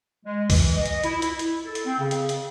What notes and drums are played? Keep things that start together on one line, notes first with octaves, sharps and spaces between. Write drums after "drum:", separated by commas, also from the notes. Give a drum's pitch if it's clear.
G#3
E3, drum: kick, open hi-hat
D#5
drum: hi-hat
E4, drum: hi-hat
E4, drum: hi-hat
drum: hi-hat
A4
drum: hi-hat
C4
C#3
drum: hi-hat
drum: hi-hat